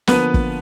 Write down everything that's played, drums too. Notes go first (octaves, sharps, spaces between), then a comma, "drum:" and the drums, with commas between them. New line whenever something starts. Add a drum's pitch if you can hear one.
D3 F3 A#3 B3 B4, drum: snare
drum: kick